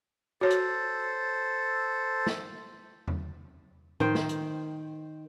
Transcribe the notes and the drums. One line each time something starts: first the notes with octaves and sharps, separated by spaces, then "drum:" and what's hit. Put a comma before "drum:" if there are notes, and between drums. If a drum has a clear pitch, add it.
F#4 A4 C5 C#5
drum: hi-hat
drum: snare
drum: tom E2
D#3 C5 G5, drum: tom A2
drum: snare
drum: hi-hat